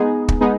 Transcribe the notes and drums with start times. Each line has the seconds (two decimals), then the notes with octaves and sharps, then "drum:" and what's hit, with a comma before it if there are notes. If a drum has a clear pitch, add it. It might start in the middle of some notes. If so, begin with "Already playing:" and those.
Already playing: G#3 B3 D#4 G#4
0.28 drum: kick
0.41 G#3 B3 D#4 G#4